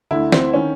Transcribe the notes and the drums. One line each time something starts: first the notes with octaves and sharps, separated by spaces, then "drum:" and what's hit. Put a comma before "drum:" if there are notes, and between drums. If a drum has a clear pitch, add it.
D2 D3 E4
C4, drum: snare
D#3 C#4